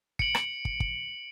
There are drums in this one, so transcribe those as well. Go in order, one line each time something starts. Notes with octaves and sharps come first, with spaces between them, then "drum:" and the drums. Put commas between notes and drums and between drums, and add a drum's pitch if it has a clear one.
C#7 D7 F#7, drum: kick
drum: rim click
drum: kick
drum: kick